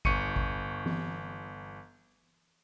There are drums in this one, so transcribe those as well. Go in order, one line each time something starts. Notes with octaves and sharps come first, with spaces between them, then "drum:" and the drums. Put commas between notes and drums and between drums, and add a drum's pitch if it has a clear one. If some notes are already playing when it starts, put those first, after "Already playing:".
G1 C#6 C#7 D#7, drum: kick G#1
drum: kick G#1
drum: tom E3